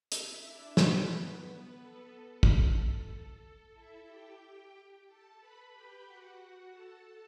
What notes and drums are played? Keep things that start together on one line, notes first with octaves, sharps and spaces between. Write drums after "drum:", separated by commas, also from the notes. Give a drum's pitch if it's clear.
E4 E5, drum: hi-hat
D4 D5
B3 B4, drum: snare
B3 B4
A4
A4, drum: kick
A4
E4 E5
G4 G5
A4 A5
B4 B5
G4 G5
F#4 F#5
A4 A5